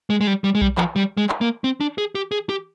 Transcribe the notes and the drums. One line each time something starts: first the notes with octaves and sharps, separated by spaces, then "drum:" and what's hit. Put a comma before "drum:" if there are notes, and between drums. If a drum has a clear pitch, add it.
G#3
G#3
G3
G3
G#3
G3, drum: kick B1
F3, drum: clap
G3
G#3
drum: clap
A#3
C4
D4
G#4
G4
G#4
G4